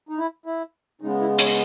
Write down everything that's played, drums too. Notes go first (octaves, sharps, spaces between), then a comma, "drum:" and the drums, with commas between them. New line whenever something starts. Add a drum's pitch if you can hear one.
D#4
E4
E4
C#3 G#3 B3 D#4
E4
C#5, drum: hi-hat